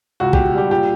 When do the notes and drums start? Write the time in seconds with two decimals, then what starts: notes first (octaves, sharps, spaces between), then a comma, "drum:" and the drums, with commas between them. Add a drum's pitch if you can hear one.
0.20 C#2 F#4
0.33 G4, drum: kick
0.37 B2
0.54 G3 G4
0.71 A#2 G4